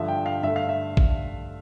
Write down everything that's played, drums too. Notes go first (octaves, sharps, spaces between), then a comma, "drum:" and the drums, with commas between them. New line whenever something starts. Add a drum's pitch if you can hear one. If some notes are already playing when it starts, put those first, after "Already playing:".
Already playing: G2 D3 F3 E5
G5
F5
G2 D3 A3 E5
F5
E5
drum: kick